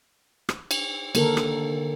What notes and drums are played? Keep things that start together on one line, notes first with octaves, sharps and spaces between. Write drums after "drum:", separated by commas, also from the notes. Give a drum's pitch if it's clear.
drum: rim click
drum: cymbal
D3 D#3 A#3 A4 A#4, drum: cymbal
drum: rim click